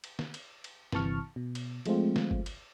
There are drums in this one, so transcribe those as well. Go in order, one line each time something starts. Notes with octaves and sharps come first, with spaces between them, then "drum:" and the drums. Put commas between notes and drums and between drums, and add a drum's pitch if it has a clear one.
drum: cymbal
drum: snare
drum: cymbal
drum: cymbal
G1 C3 E3 A5 C#6 F6, drum: snare
B2
drum: cymbal
F3 G#3 A3 C4 F4, drum: cymbal
drum: snare
drum: kick G1
drum: cymbal